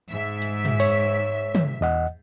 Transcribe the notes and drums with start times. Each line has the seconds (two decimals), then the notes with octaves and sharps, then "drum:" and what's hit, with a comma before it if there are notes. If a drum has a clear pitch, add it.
0.10 G#2 E5
0.42 drum: hi-hat
0.65 drum: tom
0.80 C#5, drum: open hi-hat
1.55 drum: tom
1.81 E2 D#5 F#5